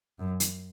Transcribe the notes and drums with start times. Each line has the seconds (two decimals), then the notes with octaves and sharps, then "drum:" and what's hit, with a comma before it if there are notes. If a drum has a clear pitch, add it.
0.19 F#2
0.40 drum: hi-hat